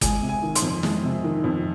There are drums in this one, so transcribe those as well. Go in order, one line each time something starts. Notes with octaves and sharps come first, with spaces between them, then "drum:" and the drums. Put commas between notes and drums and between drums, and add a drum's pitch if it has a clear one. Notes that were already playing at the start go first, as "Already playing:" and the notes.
G#3 G#5, drum: kick, hi-hat
C3
G#5
D#3
C6, drum: hi-hat
F2
G#3, drum: snare
C3
D#3
F2